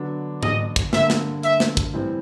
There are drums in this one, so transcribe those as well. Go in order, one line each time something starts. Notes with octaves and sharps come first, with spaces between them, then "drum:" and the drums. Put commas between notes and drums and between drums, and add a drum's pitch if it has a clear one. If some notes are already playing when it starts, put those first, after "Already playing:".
Already playing: D3 F#3 B3 D4
D#5, drum: tom
drum: kick, hi-hat
D3 G3 A#3 E5, drum: snare
drum: snare
E5, drum: hi-hat
drum: snare
drum: kick, hi-hat
A2 E3 G3 C4